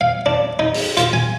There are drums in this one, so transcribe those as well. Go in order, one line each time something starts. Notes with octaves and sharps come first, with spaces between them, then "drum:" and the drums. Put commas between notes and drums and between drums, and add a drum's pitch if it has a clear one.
F5
D4
D#4
drum: open hi-hat
F4, drum: hi-hat
G#5